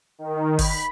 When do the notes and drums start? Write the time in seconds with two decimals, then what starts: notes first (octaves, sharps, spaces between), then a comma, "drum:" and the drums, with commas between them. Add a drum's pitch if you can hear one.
0.19 D#3
0.59 B5, drum: kick G1, open hi-hat